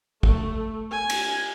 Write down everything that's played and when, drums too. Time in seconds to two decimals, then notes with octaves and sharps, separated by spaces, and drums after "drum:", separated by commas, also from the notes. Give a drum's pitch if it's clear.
0.23 A3, drum: kick
0.92 G#5
1.10 drum: cymbal